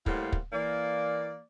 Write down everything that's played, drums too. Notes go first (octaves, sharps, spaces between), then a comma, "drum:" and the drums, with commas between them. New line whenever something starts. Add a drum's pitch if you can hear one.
A2 G3 A#3 C5 F5 F#5, drum: kick
drum: kick
E3 A#3 D5